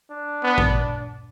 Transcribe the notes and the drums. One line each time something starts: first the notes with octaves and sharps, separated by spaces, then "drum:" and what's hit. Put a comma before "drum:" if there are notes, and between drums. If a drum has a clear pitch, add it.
D4
B3
drum: kick A1